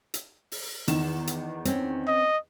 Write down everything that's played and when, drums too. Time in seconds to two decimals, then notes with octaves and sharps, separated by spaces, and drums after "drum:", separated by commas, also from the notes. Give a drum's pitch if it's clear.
0.14 drum: hi-hat
0.52 drum: open hi-hat
0.88 E2 D#3 E7, drum: hi-hat
1.27 drum: hi-hat
1.65 C4 C#4, drum: hi-hat
2.08 D#5